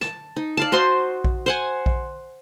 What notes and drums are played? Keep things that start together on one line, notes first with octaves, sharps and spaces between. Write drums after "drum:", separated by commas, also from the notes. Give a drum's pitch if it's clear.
A5, drum: snare
D#4
D5 F5 A5
F#4 C5 D#5 C6
drum: kick A#1
C5 F#5 G#5
drum: kick A#1